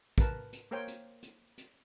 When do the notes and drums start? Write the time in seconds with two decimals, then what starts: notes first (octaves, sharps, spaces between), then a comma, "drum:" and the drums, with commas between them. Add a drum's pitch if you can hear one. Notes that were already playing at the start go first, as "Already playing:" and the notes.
0.18 A#4 B4 A5, drum: kick, hi-hat
0.53 drum: hi-hat
0.71 A#3 A#4 C5 C#5 G5
0.88 drum: hi-hat
1.23 drum: hi-hat
1.58 drum: hi-hat